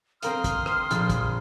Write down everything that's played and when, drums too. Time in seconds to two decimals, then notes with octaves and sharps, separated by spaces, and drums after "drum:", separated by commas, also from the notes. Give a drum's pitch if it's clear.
0.23 C4 A#4 F5 C6 D#6 F6, drum: hi-hat
0.44 drum: kick, hi-hat
0.66 drum: rim click
0.91 A#1, drum: hi-hat
1.10 drum: kick, hi-hat